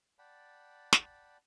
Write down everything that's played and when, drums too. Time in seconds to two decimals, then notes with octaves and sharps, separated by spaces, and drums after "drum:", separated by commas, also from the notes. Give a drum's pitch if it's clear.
0.19 D5 F#5 G5 A5 B5
0.93 drum: snare